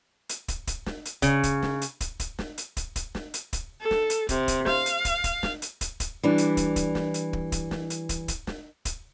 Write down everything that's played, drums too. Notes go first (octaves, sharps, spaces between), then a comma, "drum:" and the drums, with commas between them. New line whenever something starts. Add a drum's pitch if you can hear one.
drum: hi-hat
drum: kick, hi-hat
drum: kick, hi-hat
drum: snare
drum: hi-hat
C#3, drum: kick, hi-hat
drum: kick, hi-hat
drum: snare
drum: hi-hat
drum: kick, hi-hat
drum: kick, hi-hat
drum: snare
drum: hi-hat
drum: kick, hi-hat
drum: kick, hi-hat
drum: snare
drum: hi-hat
drum: kick, hi-hat
A4
drum: snare
drum: hi-hat
C3, drum: kick, hi-hat
drum: kick, hi-hat
F5, drum: snare
drum: hi-hat
drum: kick, hi-hat
drum: kick, hi-hat
drum: snare
drum: hi-hat
drum: kick, hi-hat
drum: kick, hi-hat
E3 G3 D4
drum: hi-hat
drum: kick, hi-hat
drum: kick, hi-hat
drum: snare
drum: hi-hat
drum: kick
drum: kick, hi-hat
drum: snare
drum: hi-hat
drum: kick, hi-hat
drum: kick, hi-hat
drum: snare
drum: kick, hi-hat